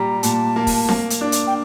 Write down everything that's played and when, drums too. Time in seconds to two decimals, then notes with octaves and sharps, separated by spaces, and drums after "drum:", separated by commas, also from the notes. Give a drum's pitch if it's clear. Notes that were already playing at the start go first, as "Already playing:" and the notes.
Already playing: A#2 G3 A#5
0.23 A#2 A5, drum: hi-hat
0.56 A#3
0.67 drum: kick, open hi-hat
0.89 A#3, drum: snare C4
1.10 drum: hi-hat
1.21 D4
1.32 drum: hi-hat
1.47 G5